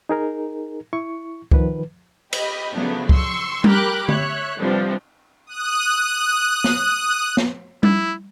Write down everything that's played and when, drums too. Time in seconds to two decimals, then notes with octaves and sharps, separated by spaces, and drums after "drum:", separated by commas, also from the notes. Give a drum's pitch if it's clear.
0.09 D#4 G#4 A#4
0.93 E4 C#6
1.52 D#3 F3 B4, drum: kick
2.33 G4 D#5 B5, drum: cymbal
2.73 C#3 F3 F#3 A3 B3 D4
3.09 C6 C#6 E6, drum: kick
3.64 G4 A#4 G5 B5 D6 F#6, drum: tom G3
4.08 C#5 E5 F#6, drum: tom D3
4.60 C3 F3 G3 B3 C4 D4
5.46 D#6 F#6
6.64 drum: snare
7.37 drum: snare
7.83 E4, drum: tom G3